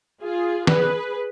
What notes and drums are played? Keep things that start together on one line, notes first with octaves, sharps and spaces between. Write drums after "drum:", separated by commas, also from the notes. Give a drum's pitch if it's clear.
F4 G#4
G#4 B4, drum: snare